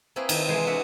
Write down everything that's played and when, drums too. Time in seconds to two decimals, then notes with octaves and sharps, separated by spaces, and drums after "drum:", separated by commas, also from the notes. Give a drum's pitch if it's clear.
0.16 A#3 C4 E4 G#4 B4
0.29 D#3, drum: cymbal
0.48 C3 E3 G#3 G#4 C5 G#5
0.67 D4 F#4 E5 F#5